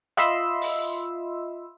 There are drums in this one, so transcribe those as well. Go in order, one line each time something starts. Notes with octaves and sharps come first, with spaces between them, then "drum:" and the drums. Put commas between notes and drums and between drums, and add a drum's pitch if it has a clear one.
F4 D#5 E5 B5 C6 E6, drum: rim click
drum: open hi-hat